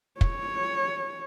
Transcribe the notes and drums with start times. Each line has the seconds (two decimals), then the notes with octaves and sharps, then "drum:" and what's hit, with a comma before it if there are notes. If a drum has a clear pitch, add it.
0.21 C#5, drum: kick